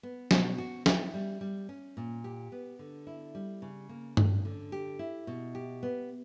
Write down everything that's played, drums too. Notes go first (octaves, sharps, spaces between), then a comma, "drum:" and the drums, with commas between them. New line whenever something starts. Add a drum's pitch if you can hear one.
B3
B2, drum: snare
F#4
E4, drum: snare
G3
G3
C#4
A#2
G4
B3
D3
E4
G3
C#3
A#3
C#4, drum: tom G2
D3
G4
E4
B2
G4
B3